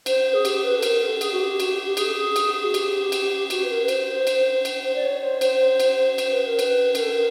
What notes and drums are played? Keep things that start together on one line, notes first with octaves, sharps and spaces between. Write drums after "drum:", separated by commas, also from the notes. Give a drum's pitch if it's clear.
C5, drum: cymbal
G#4
G4, drum: cymbal
B4
A4
A#4, drum: cymbal
A4
G#4, drum: cymbal
F#4
G4
F#4, drum: cymbal
G4
G4
G#4, drum: cymbal
A4
G#4
drum: cymbal
F#4
G4, drum: cymbal
drum: cymbal
F#4, drum: cymbal
B4
A#4
B4
C5, drum: cymbal
drum: cymbal
drum: cymbal
C5
D5
C#5
C5
C5, drum: cymbal
drum: cymbal
C5, drum: cymbal
B4
A#4
B4, drum: cymbal
A#4, drum: cymbal
A4
A#4